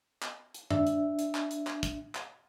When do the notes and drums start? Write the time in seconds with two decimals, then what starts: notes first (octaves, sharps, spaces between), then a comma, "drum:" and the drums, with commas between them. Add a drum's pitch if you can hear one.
0.22 drum: clap
0.54 drum: hi-hat
0.71 D4 E5, drum: tom F#2
0.87 drum: hi-hat
1.19 drum: hi-hat
1.35 drum: clap
1.51 drum: hi-hat
1.67 drum: clap
1.83 drum: kick, hi-hat
2.15 drum: clap